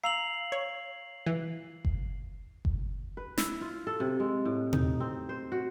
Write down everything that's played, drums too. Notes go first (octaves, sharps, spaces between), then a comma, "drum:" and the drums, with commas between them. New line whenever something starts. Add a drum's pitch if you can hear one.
F5 A#5 E6 C7 F7 F#7
C#5
E3
drum: kick F#1
drum: kick F#1
B4
E4, drum: snare
F4
A4
C3
G#3
A2
D#4, drum: tom B2
C4
C5
F#4